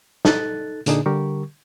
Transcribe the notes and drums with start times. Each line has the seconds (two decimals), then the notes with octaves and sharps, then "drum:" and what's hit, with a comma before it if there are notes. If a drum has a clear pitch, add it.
0.25 D#4 A4 F#6 A6, drum: snare
0.86 A#2 D3 D4 D#4 G#4, drum: hi-hat
1.06 D3 G3 G4 A#4 C#6